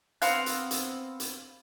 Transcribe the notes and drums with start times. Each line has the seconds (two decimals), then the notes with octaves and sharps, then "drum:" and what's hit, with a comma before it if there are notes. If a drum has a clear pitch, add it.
0.22 B3 C4 F5 F#6, drum: hi-hat
0.46 drum: hi-hat
0.71 drum: hi-hat
1.20 drum: hi-hat